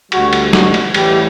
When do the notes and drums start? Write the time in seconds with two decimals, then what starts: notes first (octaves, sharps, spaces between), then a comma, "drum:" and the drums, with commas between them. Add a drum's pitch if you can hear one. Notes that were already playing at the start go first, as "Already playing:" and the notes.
0.12 D2 D3 G3 F#4, drum: cymbal
0.33 drum: cymbal
0.53 F#4, drum: snare
0.74 drum: cymbal
0.94 A1 A2 E3 G3 G4, drum: cymbal